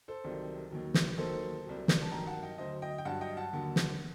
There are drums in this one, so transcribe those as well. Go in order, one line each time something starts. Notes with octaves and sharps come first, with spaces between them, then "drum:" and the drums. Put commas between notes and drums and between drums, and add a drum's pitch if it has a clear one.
A4 C5
C2 C3 D#3 F#3
D#2 D#3 F#3
drum: snare
D#2 D#3 F#3 A4 C5
C2 C3 F#3
drum: snare
A5
G2 D#3 F#3 G5 A#5
F#5 A5
D#5 G5
D2 D3 F#3 C5 D#5
D#5 G5
G5
G2 F#3 F#5 A5
D#5 G5
F#5 A5
D#2 D3 F#3
drum: snare